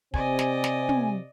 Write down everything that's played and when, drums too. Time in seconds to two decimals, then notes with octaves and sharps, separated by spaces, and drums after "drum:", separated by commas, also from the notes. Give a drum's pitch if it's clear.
0.14 C3 C4 D5 D#5 G#5, drum: kick
0.39 drum: snare
0.64 drum: snare
0.89 drum: tom